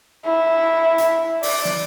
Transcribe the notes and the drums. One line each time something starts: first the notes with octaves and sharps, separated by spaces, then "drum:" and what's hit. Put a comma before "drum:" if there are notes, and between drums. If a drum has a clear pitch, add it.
E4
drum: hi-hat
D5, drum: open hi-hat
drum: snare